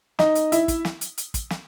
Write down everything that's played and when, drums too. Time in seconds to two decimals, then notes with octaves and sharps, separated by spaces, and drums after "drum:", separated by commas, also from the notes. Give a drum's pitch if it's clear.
0.19 D#4 D#5, drum: snare
0.35 drum: hi-hat
0.52 E4 E5, drum: hi-hat
0.68 drum: kick, hi-hat
0.85 drum: snare
1.01 drum: hi-hat
1.18 drum: hi-hat
1.34 drum: kick, hi-hat
1.50 drum: snare